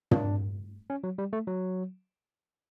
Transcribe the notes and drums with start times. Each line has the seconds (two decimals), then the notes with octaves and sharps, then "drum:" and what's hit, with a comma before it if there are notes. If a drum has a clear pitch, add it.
0.11 D4, drum: tom
0.90 C#4
1.04 F#3
1.18 G3
1.33 A3
1.47 F#3